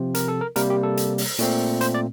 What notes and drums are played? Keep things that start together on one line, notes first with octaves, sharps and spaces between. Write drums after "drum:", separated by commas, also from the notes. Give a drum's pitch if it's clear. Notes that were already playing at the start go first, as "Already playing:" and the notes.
Already playing: C3 F3 C4
A#4, drum: hi-hat
A4
A#4
C3 G3 A#3 A#4, drum: hi-hat
G4
A4
drum: hi-hat
drum: open hi-hat
A#2 A3 C4, drum: hi-hat
C5, drum: hi-hat
D5